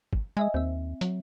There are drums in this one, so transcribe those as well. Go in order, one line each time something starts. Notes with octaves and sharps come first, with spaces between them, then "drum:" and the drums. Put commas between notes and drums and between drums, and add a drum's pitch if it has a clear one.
drum: kick
G#3 D#5 E5 G#5
D#2 C4 E5
F#3, drum: hi-hat